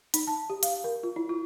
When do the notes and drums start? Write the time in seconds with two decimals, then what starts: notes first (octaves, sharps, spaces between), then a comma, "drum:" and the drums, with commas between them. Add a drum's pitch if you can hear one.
0.14 D#4, drum: hi-hat
0.27 A5
0.50 G4
0.63 F5, drum: hi-hat
0.84 A#4
1.03 F4
1.16 E4
1.29 F4